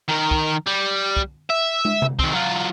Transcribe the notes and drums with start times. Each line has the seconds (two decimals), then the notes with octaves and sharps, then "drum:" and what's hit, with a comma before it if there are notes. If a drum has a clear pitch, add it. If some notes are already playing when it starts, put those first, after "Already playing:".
0.09 D#3 A#4
0.31 drum: kick
0.67 G3
1.17 drum: kick
1.49 E5
1.85 drum: tom
2.02 drum: tom C3
2.19 D#3 C4, drum: kick
2.33 F#3 F4